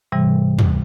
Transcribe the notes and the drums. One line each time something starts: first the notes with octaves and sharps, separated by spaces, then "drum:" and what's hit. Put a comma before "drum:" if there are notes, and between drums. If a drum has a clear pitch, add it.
G#2 C3 E3 G3
drum: tom